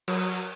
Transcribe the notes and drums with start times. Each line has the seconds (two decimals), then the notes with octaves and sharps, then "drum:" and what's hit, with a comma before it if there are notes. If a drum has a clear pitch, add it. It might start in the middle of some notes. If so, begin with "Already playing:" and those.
0.08 F#3, drum: cymbal